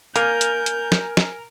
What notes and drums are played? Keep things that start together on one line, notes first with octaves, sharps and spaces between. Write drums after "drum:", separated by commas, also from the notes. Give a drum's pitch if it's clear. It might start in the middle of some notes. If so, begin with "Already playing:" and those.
A#3 A#4 G#5 F6 G6, drum: hi-hat
drum: hi-hat
drum: hi-hat
drum: snare
drum: snare